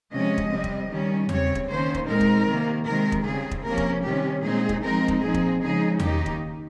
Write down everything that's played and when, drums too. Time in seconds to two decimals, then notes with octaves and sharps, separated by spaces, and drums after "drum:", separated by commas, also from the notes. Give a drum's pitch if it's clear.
0.11 C3 F3 G#3 C#4 D#5
0.38 drum: kick E1
0.50 C3 G3 C4
0.64 drum: kick E1
0.90 D#3 G3 C#4
1.29 C#3 G3 C4 C#5, drum: tom E2
1.55 drum: kick E1
1.68 D#3 A#3 C#4 C5
1.94 drum: kick E1
2.07 A#2 G#3 C4 D#4 A#4
2.21 drum: kick E1
2.47 C3 D#3 A#3
2.86 C3 D#3 G#3 C4 A#4
3.12 drum: kick E1
3.25 C#3 G3 C4 G#4
3.51 drum: kick E1
3.64 C3 F3 A#3 C#4 A#4
3.78 drum: kick E1
4.03 C3 D#3 G3 C#4 G4
4.42 A#2 G#3 C4 D#4 G#4
4.69 drum: kick E1
4.82 F3 G#3 C4 D#4 A#4
5.08 drum: kick E1
5.21 A#2 F3 C4 D#4 G#4
5.34 drum: kick E1
5.61 C#3 F3 G#3 D#4 G#4
6.00 D#3 A#3 D#4 G4, drum: tom E2
6.26 drum: kick E1